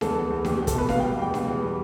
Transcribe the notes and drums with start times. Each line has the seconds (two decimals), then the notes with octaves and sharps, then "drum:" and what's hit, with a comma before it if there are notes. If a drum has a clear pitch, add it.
0.01 E2 A4, drum: snare D4
0.16 E2
0.30 E2
0.45 E2 G4, drum: snare D4
0.56 G4
0.60 E2
0.67 A4, drum: kick, hi-hat
0.74 B2 B4
0.89 B2 F5, drum: snare D4
1.00 G5
1.04 G3
1.19 E2 G5
1.34 B2, drum: snare D4
1.48 E2
1.62 G3